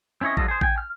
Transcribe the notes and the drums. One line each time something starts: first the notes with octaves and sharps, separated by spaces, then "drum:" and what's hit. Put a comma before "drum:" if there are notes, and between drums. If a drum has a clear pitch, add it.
C4 C#4 E4 C#5 D#5
F#3 G3 F4 A4 D#5, drum: kick A1
G#4 C5
G5 G#5, drum: kick A1
F6